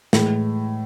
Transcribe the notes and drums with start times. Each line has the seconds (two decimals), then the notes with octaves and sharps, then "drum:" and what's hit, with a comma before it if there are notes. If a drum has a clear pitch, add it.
0.13 A2 E3 G#3, drum: snare